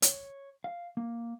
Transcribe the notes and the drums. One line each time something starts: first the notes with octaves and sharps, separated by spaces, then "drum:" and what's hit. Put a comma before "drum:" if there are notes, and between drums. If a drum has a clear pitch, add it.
C#5, drum: hi-hat
F5
A#3